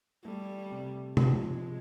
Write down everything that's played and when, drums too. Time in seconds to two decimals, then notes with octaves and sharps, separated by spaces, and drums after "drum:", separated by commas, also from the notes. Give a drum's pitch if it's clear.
0.25 G3 A3
0.71 C3
1.17 F3 G#3, drum: tom